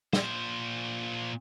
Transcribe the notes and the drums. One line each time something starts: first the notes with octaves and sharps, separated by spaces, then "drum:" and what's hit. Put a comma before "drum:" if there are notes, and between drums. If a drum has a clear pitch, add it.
A#2 C5, drum: snare